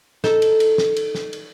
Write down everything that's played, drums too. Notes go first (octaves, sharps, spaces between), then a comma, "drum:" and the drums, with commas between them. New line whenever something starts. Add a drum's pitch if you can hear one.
D#4 A4, drum: snare
drum: cymbal
drum: cymbal
drum: snare
drum: cymbal
drum: snare
drum: cymbal